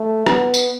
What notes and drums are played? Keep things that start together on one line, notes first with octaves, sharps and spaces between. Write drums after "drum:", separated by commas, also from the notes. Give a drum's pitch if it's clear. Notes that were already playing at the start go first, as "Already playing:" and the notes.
Already playing: A3
B3, drum: rim click
drum: tambourine